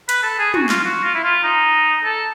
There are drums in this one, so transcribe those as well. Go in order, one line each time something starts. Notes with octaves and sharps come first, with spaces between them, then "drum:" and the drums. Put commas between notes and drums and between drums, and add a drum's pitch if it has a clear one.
B4, drum: hi-hat
A4
G#4
F#4, drum: tom
F4, drum: clap
F#4
F4
E4
F4
D#4
A4